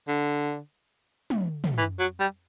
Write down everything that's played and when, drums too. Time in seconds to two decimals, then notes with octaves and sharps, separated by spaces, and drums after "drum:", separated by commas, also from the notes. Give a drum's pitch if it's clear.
0.08 D3
1.30 drum: tom
1.64 drum: tom
1.78 E3
2.00 F#3
2.20 G3